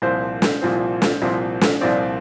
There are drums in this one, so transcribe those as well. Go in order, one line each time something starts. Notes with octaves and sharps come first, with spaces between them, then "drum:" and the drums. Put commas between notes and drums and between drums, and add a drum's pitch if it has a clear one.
C2 A#2 F3 C4 C5
drum: snare
C2 A#2 F3 C4
drum: snare
C2 A#2 F3 C4
drum: snare
C2 A#2 F3 C4 D5